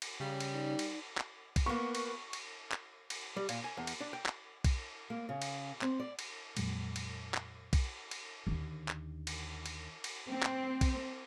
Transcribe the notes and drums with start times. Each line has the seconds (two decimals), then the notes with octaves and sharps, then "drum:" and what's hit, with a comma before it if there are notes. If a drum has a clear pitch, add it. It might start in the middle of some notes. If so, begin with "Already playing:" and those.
0.02 drum: cymbal
0.20 C#3 G3
0.40 drum: cymbal
0.54 D#4 D5
0.79 drum: cymbal
1.18 drum: clap
1.56 drum: kick B1, cymbal
1.66 A#3 B3 C#6
1.95 drum: cymbal
2.33 drum: cymbal
2.72 drum: clap
3.10 drum: cymbal
3.37 G3
3.49 A#2, drum: cymbal
3.64 G#5
3.77 E2
3.87 drum: cymbal
4.01 D4
4.13 G5
4.26 drum: clap
4.64 drum: kick B1, cymbal
5.10 A#3
5.29 C#3
5.42 drum: cymbal
5.82 C4, drum: clap
6.00 D5
6.19 drum: cymbal
6.57 F2 A#2 F#3 G#3, drum: cymbal
6.96 drum: cymbal
7.34 drum: clap
7.73 drum: kick B1, cymbal
8.11 drum: cymbal
8.47 D#2 D3
8.88 drum: clap
9.27 drum: cymbal
9.66 drum: cymbal
10.04 drum: cymbal
10.29 C4
10.43 drum: clap
10.81 drum: kick B1, cymbal